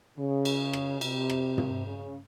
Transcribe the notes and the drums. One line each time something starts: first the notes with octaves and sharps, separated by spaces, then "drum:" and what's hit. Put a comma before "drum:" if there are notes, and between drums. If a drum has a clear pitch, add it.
C#3
drum: cymbal
drum: rim click
C3, drum: cymbal
drum: rim click
drum: tom
C#3